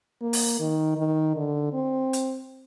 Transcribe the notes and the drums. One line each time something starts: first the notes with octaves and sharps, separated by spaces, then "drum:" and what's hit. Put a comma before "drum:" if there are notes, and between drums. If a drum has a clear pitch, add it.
A#3
drum: open hi-hat
D#3
D#3
D3
C4
drum: hi-hat